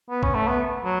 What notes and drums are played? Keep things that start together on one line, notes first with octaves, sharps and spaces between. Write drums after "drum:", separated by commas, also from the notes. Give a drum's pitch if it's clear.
B3
C#4, drum: kick
A3
B3
F#3